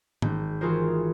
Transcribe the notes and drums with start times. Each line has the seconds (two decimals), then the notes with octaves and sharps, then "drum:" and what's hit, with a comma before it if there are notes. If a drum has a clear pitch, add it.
0.22 G#1 G6, drum: tom G#2
0.61 E3 F4 F#4 G#4 A#4 C5